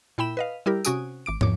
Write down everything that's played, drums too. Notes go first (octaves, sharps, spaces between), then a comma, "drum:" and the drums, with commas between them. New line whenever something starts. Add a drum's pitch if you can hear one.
A#2 E4 G5 B5 E7
B4 D#5 F5
G3 E4 G4 A#4
C3 C#4 F#4 G#5 D#6 D7, drum: tambourine
G#1 D6 D7
E2 C#5 D6, drum: tom